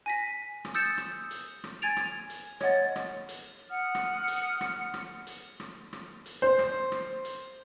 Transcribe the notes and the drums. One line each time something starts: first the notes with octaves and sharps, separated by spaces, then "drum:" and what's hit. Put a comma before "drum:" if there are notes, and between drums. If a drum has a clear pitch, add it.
G#5 A#6 B6
drum: rim click
D#6 E6 G6 A6 C#7 E7
drum: rim click
drum: hi-hat
drum: rim click
G#5 G#6 A6 D7 F7
drum: rim click
drum: hi-hat
C#5 D#5 F#5 A6, drum: rim click
drum: rim click
drum: hi-hat
F#5 D#6 F6
drum: rim click
drum: hi-hat
drum: rim click
drum: rim click
drum: hi-hat
drum: rim click
drum: rim click
drum: hi-hat
C5
drum: rim click
drum: rim click
drum: hi-hat